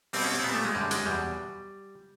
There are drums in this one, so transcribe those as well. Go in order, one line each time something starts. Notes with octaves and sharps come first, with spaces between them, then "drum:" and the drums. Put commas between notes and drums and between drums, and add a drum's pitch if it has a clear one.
B2 G3 C4, drum: open hi-hat
C#4
C4
A#2 G3 B3
A3
G#3
F#2 D3 G3
G#3, drum: hi-hat
E2 B2 F#3 G3